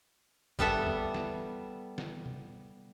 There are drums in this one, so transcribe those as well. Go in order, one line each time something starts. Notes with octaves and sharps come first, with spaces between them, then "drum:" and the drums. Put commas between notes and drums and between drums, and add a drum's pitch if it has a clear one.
G3 B3 A4 E5, drum: kick G#1
drum: tom
drum: snare
drum: snare
drum: tom